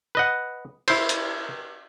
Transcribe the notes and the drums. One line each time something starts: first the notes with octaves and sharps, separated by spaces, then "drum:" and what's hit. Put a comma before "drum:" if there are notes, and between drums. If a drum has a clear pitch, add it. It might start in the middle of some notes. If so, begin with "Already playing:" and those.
B4 D#5 F#5
E4 C5, drum: cymbal
drum: hi-hat